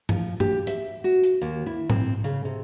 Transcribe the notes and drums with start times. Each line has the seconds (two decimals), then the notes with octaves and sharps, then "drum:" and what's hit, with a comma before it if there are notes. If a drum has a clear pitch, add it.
0.09 F3, drum: tom G2
0.40 G4, drum: tom G2
0.67 E5, drum: hi-hat
1.04 F#4
1.24 drum: hi-hat
1.41 D#2
1.66 E4
1.90 C4, drum: tom G#2
2.24 C#3
2.45 C3